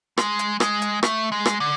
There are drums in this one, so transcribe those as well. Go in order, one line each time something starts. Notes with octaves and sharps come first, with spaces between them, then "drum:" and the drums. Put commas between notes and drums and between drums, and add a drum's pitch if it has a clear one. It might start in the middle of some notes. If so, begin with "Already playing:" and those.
G#3, drum: rim click
drum: hi-hat
G#3, drum: rim click
drum: hi-hat
A3, drum: rim click
G#3
drum: rim click
D3